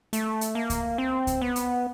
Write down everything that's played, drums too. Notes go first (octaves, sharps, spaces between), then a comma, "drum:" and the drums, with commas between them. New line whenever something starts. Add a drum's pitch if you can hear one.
A3, drum: hi-hat
drum: hi-hat
A#3
drum: kick C#2, hi-hat
C4
drum: kick C#2, hi-hat
B3
drum: hi-hat